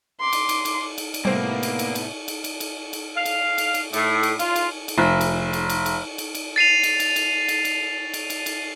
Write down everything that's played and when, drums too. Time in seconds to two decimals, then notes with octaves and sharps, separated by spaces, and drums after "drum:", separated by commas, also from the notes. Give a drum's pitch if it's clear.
0.20 C6 D6
0.33 drum: cymbal
0.49 drum: cymbal
0.65 drum: cymbal
0.98 drum: cymbal
1.14 drum: cymbal
1.25 A2 C3 G3 A#3 B3 C5
1.63 drum: cymbal
1.79 drum: cymbal
1.95 drum: cymbal
2.28 drum: cymbal
2.44 drum: cymbal
2.60 drum: cymbal
2.93 drum: cymbal
3.16 F5
3.25 drum: cymbal
3.58 drum: cymbal
3.74 drum: cymbal
3.93 A2, drum: cymbal
4.23 drum: cymbal
4.39 F4, drum: cymbal
4.56 drum: cymbal
4.88 drum: cymbal
4.98 F1
5.21 drum: cymbal
5.53 drum: cymbal
5.70 drum: cymbal
5.86 drum: cymbal
6.18 drum: cymbal
6.35 drum: cymbal
6.56 A6 C7 D#7 F7
6.83 drum: cymbal
7.00 drum: cymbal
7.16 drum: cymbal
7.48 drum: cymbal
7.65 drum: cymbal
8.14 drum: cymbal
8.30 drum: cymbal
8.46 drum: cymbal